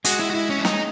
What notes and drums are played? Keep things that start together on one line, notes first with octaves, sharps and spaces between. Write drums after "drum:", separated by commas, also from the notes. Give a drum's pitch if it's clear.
G#3 F#4 G#4, drum: hi-hat
E4
F#4
E4
C#4
E4
D#4, drum: snare